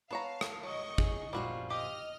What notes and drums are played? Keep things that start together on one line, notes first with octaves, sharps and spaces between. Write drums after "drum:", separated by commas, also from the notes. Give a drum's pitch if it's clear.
B3 C#5 F5 A5 A#5
drum: rim click
F#3 D#5 C#6
G#4, drum: kick
A#2 F3 G3 F4 F#4
G4 D#5 F6